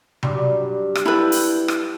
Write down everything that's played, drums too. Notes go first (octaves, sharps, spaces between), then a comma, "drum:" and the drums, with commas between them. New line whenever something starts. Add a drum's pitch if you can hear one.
G2 F#3 G3, drum: tom C3
drum: rim click
E4 A4 B4 F5 G5
drum: open hi-hat
drum: rim click